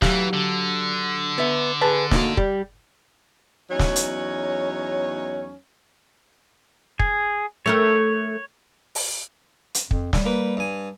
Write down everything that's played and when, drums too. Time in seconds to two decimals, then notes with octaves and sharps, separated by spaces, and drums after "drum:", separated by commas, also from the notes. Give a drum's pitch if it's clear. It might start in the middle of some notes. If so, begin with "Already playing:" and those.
0.02 E3 F#3 G4 F5, drum: snare
0.33 D3
1.38 B3 E5
1.81 G#4 B4 A5
2.11 A#3 D#4 F#4, drum: snare
2.37 G3 G4, drum: kick
3.70 E2 F#3 C#4 D#4 C#5
3.79 drum: snare
3.96 drum: hi-hat
6.99 G#4, drum: kick
7.66 A3 A4 A#4 C#5
8.95 drum: open hi-hat
9.74 drum: hi-hat
9.91 F2, drum: kick
10.13 G3, drum: snare
10.26 A#3 B4
10.57 G2 G#5